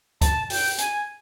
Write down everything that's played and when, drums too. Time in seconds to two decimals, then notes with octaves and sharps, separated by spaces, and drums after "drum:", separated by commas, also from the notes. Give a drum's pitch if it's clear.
0.21 A5, drum: kick C#2, hi-hat
0.50 G5, drum: open hi-hat
0.78 G#5, drum: hi-hat